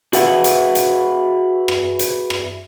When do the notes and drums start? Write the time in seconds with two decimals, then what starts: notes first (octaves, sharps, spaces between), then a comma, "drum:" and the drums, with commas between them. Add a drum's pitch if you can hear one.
0.13 F#4 G#4 B4 E5 F#5, drum: hi-hat
0.44 drum: hi-hat
0.75 drum: hi-hat
1.68 drum: rim click
1.99 drum: hi-hat
2.30 drum: rim click